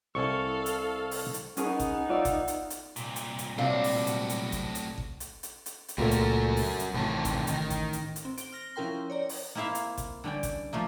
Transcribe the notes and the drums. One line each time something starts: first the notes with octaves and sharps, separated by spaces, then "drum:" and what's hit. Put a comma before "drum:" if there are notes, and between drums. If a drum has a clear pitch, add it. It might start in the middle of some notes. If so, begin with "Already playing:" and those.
C2 A4 F5 G#5 C#6
drum: hi-hat
drum: open hi-hat
drum: hi-hat
B3 C#4 D#4 G#4 A#4, drum: hi-hat
drum: kick G#1, hi-hat
F4 D5 E5
drum: kick G#1, hi-hat
drum: hi-hat
drum: hi-hat
C2 A#2, drum: hi-hat
drum: hi-hat
drum: hi-hat
A2 C3 F#3 D4 F#4 F5
drum: open hi-hat
drum: hi-hat
drum: hi-hat
drum: kick G#1, hi-hat
drum: hi-hat
drum: kick G#1
drum: hi-hat
drum: hi-hat
drum: hi-hat
drum: hi-hat
C#2 A#2 F#3 A3 F#4 A#4
drum: hi-hat
drum: open hi-hat
drum: hi-hat
A1 C3 D#3 A5
drum: kick G#1, hi-hat
D#3 D#4, drum: hi-hat
drum: kick G#1, hi-hat
drum: hi-hat
drum: hi-hat
C4
D7 G7, drum: hi-hat
F6 A#6 G7
F3 C#4 E4 A#4 G5 C6
C#5 D5 A#5
drum: open hi-hat
A#3 C4 E4 E5 F5
drum: hi-hat
drum: kick G#1, hi-hat
D3 G3 C#4 G5
drum: kick G#1, hi-hat
F3 A3 A#3